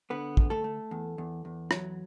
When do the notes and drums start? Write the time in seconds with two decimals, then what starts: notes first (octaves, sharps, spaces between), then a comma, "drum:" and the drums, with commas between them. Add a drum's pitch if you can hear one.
0.10 D3 B3 B4
0.37 D2, drum: kick
0.50 A3 A4
0.64 A3
0.91 E2
1.18 E2
1.45 E2
1.71 F#3, drum: rim click